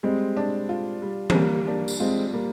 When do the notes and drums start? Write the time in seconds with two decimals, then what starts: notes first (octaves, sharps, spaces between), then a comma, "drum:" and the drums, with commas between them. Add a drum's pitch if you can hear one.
0.03 G3 G#3 C4
0.37 D4
0.69 F4
1.02 G3
1.30 C4, drum: tom E3
1.34 G3 A#3
1.67 A#3 D4
1.88 drum: tambourine
2.00 G#3 C4 F4
2.33 G3 A#3